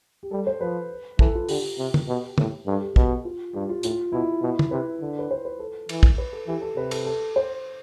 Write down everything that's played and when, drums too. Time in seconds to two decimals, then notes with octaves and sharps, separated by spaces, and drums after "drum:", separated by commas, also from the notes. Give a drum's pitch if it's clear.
0.23 G4
0.31 G3 A4
0.47 C5
0.61 F3 B4
1.19 E3 A4, drum: kick
1.35 F4
1.49 D3 G4, drum: open hi-hat
1.79 C3
1.94 drum: tom
2.08 B2
2.38 A2, drum: tom
2.66 G2 A4
2.81 G4
2.96 B2, drum: kick
3.25 F4
3.54 G2 G4
3.69 F4
3.83 A2 F4, drum: hi-hat
4.12 B2 E4
4.42 B2
4.59 drum: tom
4.71 C3 B4
5.01 D3
5.19 B4
5.31 C5
5.45 B4
5.60 A4
5.89 E3, drum: cymbal
6.03 drum: kick
6.18 B4
6.33 A4
6.48 E3 G4
6.62 A4
6.77 C3 B4
6.91 A4, drum: cymbal
7.06 A4
7.36 C5